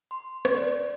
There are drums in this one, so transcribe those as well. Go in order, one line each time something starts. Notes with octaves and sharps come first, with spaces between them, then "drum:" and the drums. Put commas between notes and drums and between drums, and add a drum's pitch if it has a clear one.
C6
drum: rim click
D5